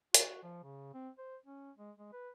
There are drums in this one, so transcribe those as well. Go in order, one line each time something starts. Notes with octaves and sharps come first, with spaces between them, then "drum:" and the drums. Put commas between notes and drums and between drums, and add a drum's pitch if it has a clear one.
F#4, drum: hi-hat
F3
C#3
C4
C5
C#4
G#3
G#3
B4